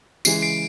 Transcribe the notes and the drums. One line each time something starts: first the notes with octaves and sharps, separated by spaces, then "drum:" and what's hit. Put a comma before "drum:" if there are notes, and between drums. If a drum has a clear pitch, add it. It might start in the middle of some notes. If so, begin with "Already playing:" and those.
C#3 E3 G#3 C7, drum: tambourine
C7 D7